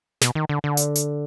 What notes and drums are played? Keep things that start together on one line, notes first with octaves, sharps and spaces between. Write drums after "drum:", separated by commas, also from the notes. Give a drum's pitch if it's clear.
B2, drum: snare
D#3
D3
D3
drum: hi-hat
drum: hi-hat